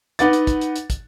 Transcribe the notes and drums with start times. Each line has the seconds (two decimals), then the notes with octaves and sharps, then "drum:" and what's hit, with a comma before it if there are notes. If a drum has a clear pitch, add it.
0.19 D#4 B4 F#5 D6 A6, drum: hi-hat
0.33 drum: hi-hat
0.47 drum: kick, hi-hat
0.61 drum: hi-hat
0.76 drum: hi-hat
0.90 drum: kick, hi-hat